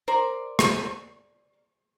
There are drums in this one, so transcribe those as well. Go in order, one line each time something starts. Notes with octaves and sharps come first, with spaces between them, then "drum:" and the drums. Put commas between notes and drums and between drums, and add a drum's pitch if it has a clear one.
A#4 C5 D5
drum: rim click